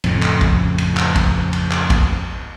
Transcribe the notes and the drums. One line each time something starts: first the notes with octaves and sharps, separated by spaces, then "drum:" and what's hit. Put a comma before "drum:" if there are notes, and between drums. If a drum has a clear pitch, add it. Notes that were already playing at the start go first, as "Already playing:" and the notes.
F2 A2 C#3, drum: cymbal
drum: clap
drum: kick, cymbal
drum: cymbal
drum: clap
drum: kick, cymbal
drum: cymbal
drum: clap
drum: kick, cymbal